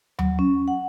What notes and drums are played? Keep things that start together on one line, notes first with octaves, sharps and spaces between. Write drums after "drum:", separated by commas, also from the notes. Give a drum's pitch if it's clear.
F#3, drum: tom D#2
C#4
F#5